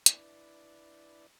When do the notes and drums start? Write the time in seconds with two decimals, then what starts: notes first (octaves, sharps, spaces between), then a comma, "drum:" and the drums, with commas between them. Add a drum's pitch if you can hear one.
0.06 D4 E4 B4 D5, drum: hi-hat